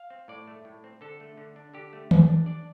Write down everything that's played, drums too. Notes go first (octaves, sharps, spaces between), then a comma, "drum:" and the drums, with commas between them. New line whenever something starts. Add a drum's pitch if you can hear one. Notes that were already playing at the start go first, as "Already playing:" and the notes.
Already playing: F5
C4
A2 D5
A3
A2
C4
D3 A4
A3
D3
D4
D3 G4
A3
D3, drum: tom D#3
D4
D4 D5